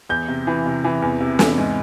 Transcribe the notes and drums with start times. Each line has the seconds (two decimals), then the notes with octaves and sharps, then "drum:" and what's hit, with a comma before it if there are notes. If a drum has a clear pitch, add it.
0.09 E2 G6
0.28 C3
0.47 E3
0.66 C3
0.84 E3
1.02 E2
1.20 C3
1.39 E2, drum: snare
1.58 G#2